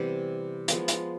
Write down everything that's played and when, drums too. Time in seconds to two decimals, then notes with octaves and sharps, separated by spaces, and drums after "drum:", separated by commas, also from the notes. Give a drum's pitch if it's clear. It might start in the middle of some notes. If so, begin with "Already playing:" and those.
Already playing: C3 E3 G3 B3
0.68 F3 G#3 B3, drum: hi-hat
0.88 drum: hi-hat